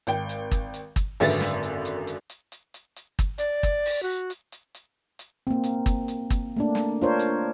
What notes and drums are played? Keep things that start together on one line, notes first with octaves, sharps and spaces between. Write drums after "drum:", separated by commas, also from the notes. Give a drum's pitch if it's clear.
G#1 G5, drum: hi-hat
drum: hi-hat
drum: kick, hi-hat
drum: hi-hat
drum: kick, hi-hat
G#1 F#2 D3 B4 E5 A6, drum: open hi-hat
drum: snare
drum: hi-hat
drum: hi-hat
drum: hi-hat
drum: hi-hat
drum: hi-hat
drum: hi-hat
drum: hi-hat
drum: kick, hi-hat
D5, drum: hi-hat
drum: kick, hi-hat
drum: open hi-hat
F#4
drum: hi-hat
drum: hi-hat
drum: hi-hat
drum: hi-hat
A#3 C4
drum: hi-hat
drum: kick, hi-hat
drum: hi-hat
drum: kick, hi-hat
A3 A#3 D4
drum: snare
D4 F4 A#4 C5 C#5
drum: hi-hat